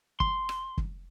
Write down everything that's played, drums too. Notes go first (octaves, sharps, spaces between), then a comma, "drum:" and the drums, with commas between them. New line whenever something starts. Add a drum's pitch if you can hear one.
C6, drum: kick
drum: rim click
drum: kick